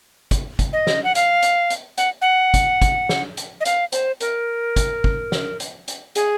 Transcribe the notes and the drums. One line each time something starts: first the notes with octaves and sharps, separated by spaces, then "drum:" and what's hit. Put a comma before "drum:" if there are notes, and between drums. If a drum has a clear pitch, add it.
drum: kick, hi-hat
drum: kick, hi-hat
D#5
drum: snare
F#5
F5, drum: hi-hat
drum: hi-hat
drum: hi-hat
F#5, drum: hi-hat
F#5
drum: kick, hi-hat
drum: kick, hi-hat
drum: snare
drum: hi-hat
D#5
F5, drum: hi-hat
C5, drum: hi-hat
A#4, drum: hi-hat
drum: kick, hi-hat
drum: kick
drum: snare
drum: hi-hat
drum: hi-hat
G#4, drum: hi-hat